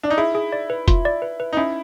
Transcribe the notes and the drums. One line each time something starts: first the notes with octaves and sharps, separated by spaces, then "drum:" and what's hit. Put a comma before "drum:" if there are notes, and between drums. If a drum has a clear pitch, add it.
D4
D#4
E4 G#4
G#4
D5
B4
F4, drum: kick F1, hi-hat
D5
B4
B4
D#4
C#4 E4